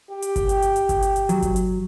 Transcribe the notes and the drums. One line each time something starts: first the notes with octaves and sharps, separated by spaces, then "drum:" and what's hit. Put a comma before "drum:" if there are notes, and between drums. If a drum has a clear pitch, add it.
G4
drum: hi-hat
drum: kick G1, hi-hat
drum: hi-hat
drum: hi-hat
drum: hi-hat
drum: kick G1, hi-hat
drum: hi-hat
drum: hi-hat
F#3, drum: hi-hat
drum: kick G1, hi-hat
drum: hi-hat